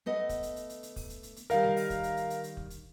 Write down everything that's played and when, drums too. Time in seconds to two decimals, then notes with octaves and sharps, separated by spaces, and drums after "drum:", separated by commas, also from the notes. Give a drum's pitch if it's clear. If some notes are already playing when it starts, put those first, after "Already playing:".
0.06 A3 B3 D#5
0.29 drum: kick, hi-hat
0.43 drum: hi-hat
0.56 drum: hi-hat
0.69 drum: hi-hat
0.83 drum: hi-hat
0.96 drum: kick, open hi-hat
1.10 drum: hi-hat
1.23 drum: hi-hat
1.36 drum: hi-hat
1.50 D#3 G3 A#4 F5, drum: hi-hat
1.63 drum: snare G3
1.77 drum: open hi-hat
1.90 drum: kick, hi-hat
2.03 drum: hi-hat
2.17 drum: hi-hat
2.30 drum: hi-hat
2.44 drum: hi-hat
2.57 drum: kick
2.70 drum: hi-hat